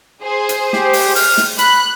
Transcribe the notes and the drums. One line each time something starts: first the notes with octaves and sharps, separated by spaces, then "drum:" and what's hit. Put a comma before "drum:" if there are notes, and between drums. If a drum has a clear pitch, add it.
G#4 C5
drum: hi-hat
G4, drum: snare
drum: open hi-hat
F6, drum: open hi-hat
drum: snare
B5 F#6, drum: hi-hat